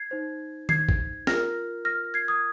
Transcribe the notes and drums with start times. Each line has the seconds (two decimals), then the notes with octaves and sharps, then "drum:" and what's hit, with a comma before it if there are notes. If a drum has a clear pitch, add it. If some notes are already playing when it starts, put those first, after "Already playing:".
Already playing: G#6 C7
0.11 D#4 C5
0.69 G#6 C7, drum: tom D#3
0.89 drum: kick A1
1.27 F4 A#4 F6 A#6, drum: snare
1.85 F6 A#6
2.14 G#6 C7
2.28 D#6 G#6